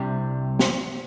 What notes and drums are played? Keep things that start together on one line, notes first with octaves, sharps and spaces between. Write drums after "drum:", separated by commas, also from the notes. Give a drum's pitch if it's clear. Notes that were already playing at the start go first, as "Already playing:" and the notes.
Already playing: C2 C3 G3 D4 G4
drum: snare